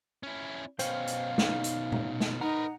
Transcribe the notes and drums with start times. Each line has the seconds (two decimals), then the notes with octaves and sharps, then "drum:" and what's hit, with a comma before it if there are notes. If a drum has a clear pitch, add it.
0.23 C#4 E4
0.79 B2 C#4 C5 F5 G5, drum: hi-hat
1.07 drum: hi-hat
1.38 D#4, drum: snare
1.64 drum: hi-hat
1.92 drum: tom A#2
2.20 drum: snare
2.41 D#4 A#4 B4 F#5 A#5